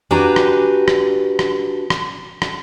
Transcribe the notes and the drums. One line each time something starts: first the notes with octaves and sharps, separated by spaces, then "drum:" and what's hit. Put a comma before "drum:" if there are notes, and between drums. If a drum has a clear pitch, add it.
D4 F#4 G4 B4 G#5 A#5
drum: rim click
drum: rim click
drum: rim click
drum: rim click
drum: rim click